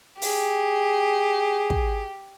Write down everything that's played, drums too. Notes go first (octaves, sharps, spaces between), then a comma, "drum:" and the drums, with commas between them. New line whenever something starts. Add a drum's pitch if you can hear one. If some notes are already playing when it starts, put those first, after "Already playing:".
G4 G#4, drum: open hi-hat
drum: kick